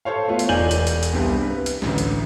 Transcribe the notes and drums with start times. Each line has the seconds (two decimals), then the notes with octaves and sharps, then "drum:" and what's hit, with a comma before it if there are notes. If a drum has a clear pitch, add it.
0.05 A4 C5 C#5 F5
0.28 A3 B3 F4
0.39 drum: hi-hat
0.49 E1 D#4 D5 G#5 G6 F#7
0.71 drum: hi-hat
0.87 drum: hi-hat
1.03 drum: hi-hat
1.13 C2 G2 G3 B3 C4
1.42 B4
1.66 drum: hi-hat
1.82 A1 D2, drum: snare
1.98 drum: hi-hat